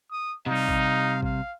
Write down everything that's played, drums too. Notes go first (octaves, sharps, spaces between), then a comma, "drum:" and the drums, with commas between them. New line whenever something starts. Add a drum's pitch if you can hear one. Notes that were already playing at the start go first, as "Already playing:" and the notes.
D#6
C3 G3 D#4 F5
drum: kick A1
F5, drum: kick A1